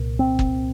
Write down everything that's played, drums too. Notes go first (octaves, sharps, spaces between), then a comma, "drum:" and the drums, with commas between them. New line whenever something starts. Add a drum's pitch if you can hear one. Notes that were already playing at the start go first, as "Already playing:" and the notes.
Already playing: C2 A#2
C4
drum: kick